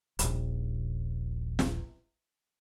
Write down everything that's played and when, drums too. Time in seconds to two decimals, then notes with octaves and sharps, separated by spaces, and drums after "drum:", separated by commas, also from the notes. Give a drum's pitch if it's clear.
0.19 D#1 A#1, drum: hi-hat
1.59 drum: snare